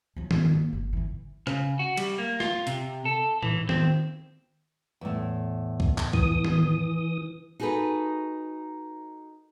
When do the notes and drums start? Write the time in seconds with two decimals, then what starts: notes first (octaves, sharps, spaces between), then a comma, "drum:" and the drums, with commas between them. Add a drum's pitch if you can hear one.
0.16 F3 F#3
0.31 G#2, drum: tom D#3
0.55 A#3
0.73 G1
0.93 D3 E3
1.47 C#3, drum: rim click
1.79 F#4
1.97 G3, drum: cymbal
2.18 A#3
2.40 F4, drum: snare
2.67 C3, drum: hi-hat
3.05 A4
3.43 E3, drum: tom A2
3.69 C4, drum: tom D#3
5.01 E2 A2
5.80 drum: kick
5.98 drum: clap
6.13 E3 D#6, drum: kick
6.45 drum: tom D#3
7.60 D#4 F#4 G#4 A4 B4